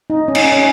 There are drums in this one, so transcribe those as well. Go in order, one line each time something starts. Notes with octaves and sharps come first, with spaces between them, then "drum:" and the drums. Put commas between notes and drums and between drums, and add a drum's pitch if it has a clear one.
D#4
C#4
D#4, drum: cymbal
C#4
C#4